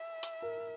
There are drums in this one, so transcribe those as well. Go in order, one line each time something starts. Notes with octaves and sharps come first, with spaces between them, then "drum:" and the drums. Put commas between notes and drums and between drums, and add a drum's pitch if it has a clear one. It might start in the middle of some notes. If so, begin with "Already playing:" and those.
Already playing: E5
drum: hi-hat
A#4